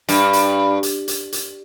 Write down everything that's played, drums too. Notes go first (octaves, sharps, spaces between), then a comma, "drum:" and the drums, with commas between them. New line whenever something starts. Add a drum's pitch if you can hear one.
G2, drum: hi-hat
drum: hi-hat
drum: hi-hat
drum: hi-hat
drum: hi-hat